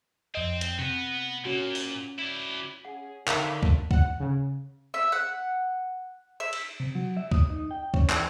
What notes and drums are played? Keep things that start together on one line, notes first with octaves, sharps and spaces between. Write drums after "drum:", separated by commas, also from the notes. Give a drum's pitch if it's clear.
F2 C4 D#5
drum: hi-hat
C3 B3 A#6
A#2 C#4 F#4
drum: open hi-hat
E4 D5
C#4 G#4 F#5
D3 D#3 A4 A#4 E5 F5, drum: clap
drum: kick
F#5, drum: kick
C#3
E5
F#5
E5
drum: cymbal
C3
F#3
E5
D#6, drum: kick
D#4
G5
C#4, drum: kick
E3, drum: clap